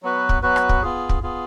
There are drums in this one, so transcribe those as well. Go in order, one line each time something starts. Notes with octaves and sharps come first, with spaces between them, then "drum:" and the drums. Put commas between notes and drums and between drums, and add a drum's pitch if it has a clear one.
F#3 B3 F#4 B4
drum: kick
F#3 B3 F#4 B4
drum: rim click
drum: kick
B3 F4 G#4
drum: kick
B3 F4 G#4